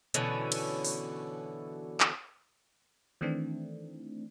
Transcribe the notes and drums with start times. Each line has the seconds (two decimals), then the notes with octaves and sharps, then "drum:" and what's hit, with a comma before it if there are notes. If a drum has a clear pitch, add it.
0.14 B2 D3 E3 C#4, drum: hi-hat
0.52 drum: cymbal
0.85 drum: open hi-hat
2.00 drum: clap
3.21 D#3 E3 A3 C4 D4